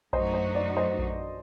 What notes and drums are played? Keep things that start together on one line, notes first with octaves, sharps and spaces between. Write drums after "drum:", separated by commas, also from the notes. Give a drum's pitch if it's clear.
F#2 F#3 A3 D#4 F#4 C5 D#5, drum: kick A#1
C5
D5
C5 D#5
drum: kick A#1